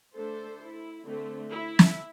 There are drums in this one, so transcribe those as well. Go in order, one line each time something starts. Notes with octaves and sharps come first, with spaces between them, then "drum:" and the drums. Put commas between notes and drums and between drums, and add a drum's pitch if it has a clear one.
D3 A3 D4 A4 C5
E4
D3 A3 C4
E4
drum: snare